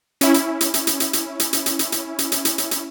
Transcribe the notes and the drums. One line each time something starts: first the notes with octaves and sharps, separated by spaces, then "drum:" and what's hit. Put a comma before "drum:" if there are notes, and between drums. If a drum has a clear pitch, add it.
C#4 E4, drum: hi-hat
drum: hi-hat
drum: hi-hat
drum: hi-hat
drum: hi-hat
drum: hi-hat
drum: hi-hat
drum: hi-hat
drum: hi-hat
drum: hi-hat
drum: hi-hat
drum: hi-hat
drum: hi-hat
drum: hi-hat
drum: hi-hat
drum: hi-hat
drum: hi-hat